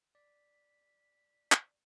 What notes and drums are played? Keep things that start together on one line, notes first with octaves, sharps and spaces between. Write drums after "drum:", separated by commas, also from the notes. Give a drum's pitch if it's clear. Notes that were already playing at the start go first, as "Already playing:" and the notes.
D5 B6
drum: clap